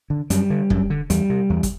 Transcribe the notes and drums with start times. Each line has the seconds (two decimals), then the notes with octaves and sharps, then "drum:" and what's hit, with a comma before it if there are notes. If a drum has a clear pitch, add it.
0.10 D3
0.30 F#2 G3, drum: hi-hat
0.50 D3
0.70 F#2, drum: kick
0.90 D3
1.10 E2 G3, drum: hi-hat
1.30 C3
1.50 E2
1.63 drum: kick, hi-hat